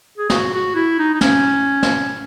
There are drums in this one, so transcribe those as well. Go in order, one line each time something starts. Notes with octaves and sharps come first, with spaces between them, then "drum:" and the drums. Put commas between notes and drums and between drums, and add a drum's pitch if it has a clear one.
G#4
F#4, drum: snare
F#4
E4
D#4
D#4
C#4, drum: snare
drum: snare